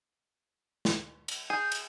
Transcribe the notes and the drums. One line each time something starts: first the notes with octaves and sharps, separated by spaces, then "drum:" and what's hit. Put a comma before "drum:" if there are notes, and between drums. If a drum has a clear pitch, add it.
drum: snare
drum: cymbal
G#4 G6
drum: cymbal